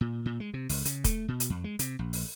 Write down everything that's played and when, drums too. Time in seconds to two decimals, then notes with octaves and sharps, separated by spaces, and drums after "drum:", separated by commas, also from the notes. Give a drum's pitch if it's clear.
0.01 A#2
0.26 A#2
0.40 G#3
0.54 C3
0.69 C#2, drum: open hi-hat
0.85 C#3, drum: hi-hat
1.04 A3, drum: kick, hi-hat
1.28 B2
1.40 drum: hi-hat
1.50 F2
1.64 G#3
1.79 C3, drum: hi-hat
1.99 A#1
2.13 drum: open hi-hat